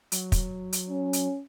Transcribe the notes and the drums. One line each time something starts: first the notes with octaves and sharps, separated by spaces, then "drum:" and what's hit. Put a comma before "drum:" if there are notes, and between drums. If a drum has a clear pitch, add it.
F#3, drum: hi-hat
drum: kick, hi-hat
drum: hi-hat
C#4
drum: hi-hat